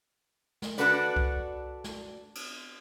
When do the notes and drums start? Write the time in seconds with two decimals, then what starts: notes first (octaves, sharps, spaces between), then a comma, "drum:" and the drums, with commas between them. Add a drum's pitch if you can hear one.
0.62 drum: snare
0.78 D4 F#4 A4 B4 D5, drum: hi-hat
1.16 drum: kick C2
1.84 drum: snare
2.35 drum: cymbal